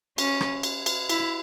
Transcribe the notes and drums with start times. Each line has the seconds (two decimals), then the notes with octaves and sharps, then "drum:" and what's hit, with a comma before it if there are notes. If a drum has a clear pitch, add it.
0.18 C#4, drum: cymbal
0.41 drum: rim click
0.63 drum: cymbal
0.86 drum: cymbal
1.09 E4, drum: cymbal